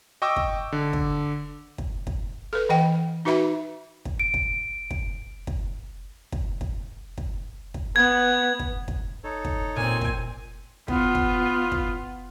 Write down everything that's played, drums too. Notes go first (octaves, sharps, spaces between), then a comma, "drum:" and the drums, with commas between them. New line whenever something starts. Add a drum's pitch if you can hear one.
D#5 G5 C#6 D6 E6
drum: kick
D3
drum: kick
drum: kick
drum: kick
A4 B4
E3 D#5 F#5 G5
D#4 F#4 B4 E5 B5
drum: kick
D7
drum: kick
drum: kick
drum: kick
drum: kick
drum: kick
drum: kick
drum: kick
B3 G#6
drum: kick
drum: kick
D#4 A4 C#5
drum: kick
A#2 C4 G#5
drum: kick
B3 F4, drum: kick
drum: kick
drum: kick